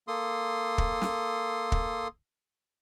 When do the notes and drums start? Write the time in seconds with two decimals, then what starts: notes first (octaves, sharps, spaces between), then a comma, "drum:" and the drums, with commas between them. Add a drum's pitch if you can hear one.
0.08 A#3 A4 C6 D#6
0.78 drum: kick
1.02 drum: snare
1.72 drum: kick